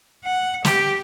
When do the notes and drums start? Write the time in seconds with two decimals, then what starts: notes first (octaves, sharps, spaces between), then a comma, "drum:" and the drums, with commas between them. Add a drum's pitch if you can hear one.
0.24 F#5
0.65 G4, drum: snare